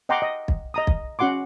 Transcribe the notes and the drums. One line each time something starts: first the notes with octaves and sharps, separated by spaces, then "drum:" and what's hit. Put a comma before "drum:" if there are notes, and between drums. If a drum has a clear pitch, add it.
D#5 F#5 G5 A#5 C6 D6
D#5
drum: kick
D#5 A#5 D#6
drum: kick
C#4 F#4 F#5 C6 D6